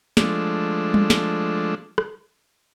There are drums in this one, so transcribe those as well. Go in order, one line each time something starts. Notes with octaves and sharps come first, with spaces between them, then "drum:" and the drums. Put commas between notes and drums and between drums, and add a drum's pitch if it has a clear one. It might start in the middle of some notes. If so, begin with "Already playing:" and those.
F3 G#3 A3 D4, drum: snare
drum: tom G3
drum: snare
drum: rim click